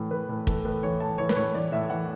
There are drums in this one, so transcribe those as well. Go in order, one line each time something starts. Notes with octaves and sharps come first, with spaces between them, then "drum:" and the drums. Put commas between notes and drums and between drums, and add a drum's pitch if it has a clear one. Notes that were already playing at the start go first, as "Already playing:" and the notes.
Already playing: A2 E3
E3 B4
A2
E3 A4, drum: kick
A2 B4
E3 C#5
A2 A5
E3 C#5
B4, drum: snare
A2 C#5
E3 D5
A2 E5
E3 F#5